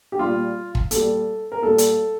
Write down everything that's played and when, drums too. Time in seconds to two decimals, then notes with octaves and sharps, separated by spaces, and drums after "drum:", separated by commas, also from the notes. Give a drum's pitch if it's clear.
0.12 G4
0.19 A#2 G3 F4
0.75 drum: kick
0.91 A#2 G3 A4, drum: hi-hat
1.52 A#4
1.62 A#2 G3 A4
1.78 drum: hi-hat